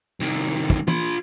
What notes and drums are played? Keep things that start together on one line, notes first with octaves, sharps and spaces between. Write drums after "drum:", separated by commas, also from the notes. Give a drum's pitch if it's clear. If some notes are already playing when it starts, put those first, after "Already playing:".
C2 D#3, drum: tambourine
drum: kick
F4 B5, drum: tom